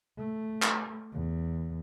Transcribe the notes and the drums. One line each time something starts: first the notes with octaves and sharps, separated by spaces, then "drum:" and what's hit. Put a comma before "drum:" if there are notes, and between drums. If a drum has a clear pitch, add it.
A3
drum: clap
E2